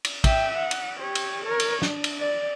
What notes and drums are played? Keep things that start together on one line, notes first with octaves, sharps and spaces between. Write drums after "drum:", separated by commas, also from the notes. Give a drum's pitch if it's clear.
drum: cymbal
E5 G5, drum: kick, cymbal
F#5
drum: cymbal
G4 C#5
drum: cymbal
A#4 C#5
drum: cymbal
D4, drum: snare
drum: cymbal
D5